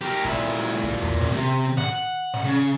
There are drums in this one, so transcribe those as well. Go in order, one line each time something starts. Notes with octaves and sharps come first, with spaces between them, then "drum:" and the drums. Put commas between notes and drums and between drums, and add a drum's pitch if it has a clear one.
G4 A#4
A#2 E4, drum: kick
drum: kick
drum: tom E2
drum: snare
C3
F#5, drum: snare
drum: snare
C#3